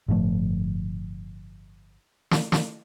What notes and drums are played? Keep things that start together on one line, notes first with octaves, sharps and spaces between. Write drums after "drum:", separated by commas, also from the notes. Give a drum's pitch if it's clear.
G1 A2 F3 A3
drum: snare
drum: snare